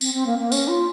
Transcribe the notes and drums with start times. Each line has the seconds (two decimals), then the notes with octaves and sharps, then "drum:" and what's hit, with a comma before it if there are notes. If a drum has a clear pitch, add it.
0.01 C4, drum: tambourine
0.14 C4
0.26 A#3
0.39 A#3
0.52 C#4, drum: tambourine
0.68 F4